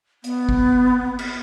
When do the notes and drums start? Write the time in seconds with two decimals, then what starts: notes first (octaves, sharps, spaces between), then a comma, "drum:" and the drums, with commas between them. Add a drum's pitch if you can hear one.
0.24 B3, drum: hi-hat
0.49 drum: kick G1
1.19 drum: cymbal